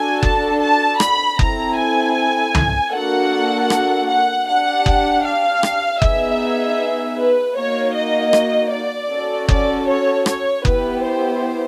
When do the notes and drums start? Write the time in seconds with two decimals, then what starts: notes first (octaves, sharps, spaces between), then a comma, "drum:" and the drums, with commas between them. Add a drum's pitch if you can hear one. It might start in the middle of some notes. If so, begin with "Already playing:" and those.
Already playing: D4 F#4 A4 G#5
0.23 A5, drum: kick F#1
0.62 A5
1.00 B5, drum: rim click
1.39 C4 E4 A4 A#5, drum: kick F#1
1.77 G#5
2.55 drum: tom
2.92 A#3 D4 F#4 A4 F#5
3.70 drum: rim click
4.08 F#5
4.47 D4 G4 F#5
4.86 drum: kick F#1
5.24 F5
5.63 drum: rim click
6.02 B3 D#4 G#4 E5, drum: kick F#1
7.17 B4
7.56 A#3 D#4 F#4 C#5
7.95 D#5
8.33 drum: rim click
8.71 D5
9.11 C#4 F#4 A4
9.48 D5, drum: kick F#1
9.88 C#5
10.26 C#5, drum: rim click
10.65 B3 E4 G4 B4, drum: kick F#1
11.03 C5